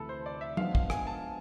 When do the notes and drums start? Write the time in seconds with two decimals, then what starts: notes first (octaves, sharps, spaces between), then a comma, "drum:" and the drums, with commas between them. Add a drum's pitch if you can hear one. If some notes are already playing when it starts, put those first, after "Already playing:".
Already playing: D2 C3 E3 A3 E4 A4 B4
0.09 C5
0.26 D5
0.41 E5
0.57 F3 G#3 B3 D4 F5, drum: tom F#3
0.75 F5, drum: kick
0.90 G#5, drum: rim click
1.07 A5